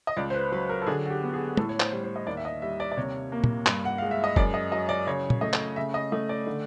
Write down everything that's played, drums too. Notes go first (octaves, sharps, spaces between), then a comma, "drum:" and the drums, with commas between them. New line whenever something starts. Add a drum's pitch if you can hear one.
D#5
C#2 D5
C5
B4
F#3 B4
A#4
A4
D3 G#4
F#4
G4
B3
G#4
A2 A4, drum: tom
C#5
C5, drum: clap
G3
C5
D#5
D#2 D5
E5
D#5
G3 E5
D5
D5
C3 C#5
A#3
drum: tom
G2, drum: clap
F#5
G#3 F5
E5
D#5
F#2 D5, drum: kick F1
D#5
F#3 D#5
D5
C#3 C#5
drum: tom
A3 D#5
drum: clap
C#3 E5
D#5
A3 D#5
D5
D3